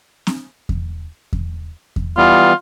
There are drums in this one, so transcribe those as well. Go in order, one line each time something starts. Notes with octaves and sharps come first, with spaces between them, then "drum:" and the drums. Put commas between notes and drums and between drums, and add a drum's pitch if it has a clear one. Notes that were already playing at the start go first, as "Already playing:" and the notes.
drum: snare C4
drum: kick E2
drum: kick E2
drum: kick E2
E3 G3 B3 F4